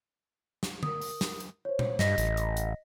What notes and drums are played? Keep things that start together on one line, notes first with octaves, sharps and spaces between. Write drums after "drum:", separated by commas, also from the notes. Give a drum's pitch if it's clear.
drum: snare
A#4 D#6, drum: tom D3
drum: open hi-hat
drum: snare
drum: hi-hat
C5 C#5
drum: tom A#2
G2 D#5 A#6 B6, drum: snare
A1, drum: hi-hat
drum: hi-hat
drum: hi-hat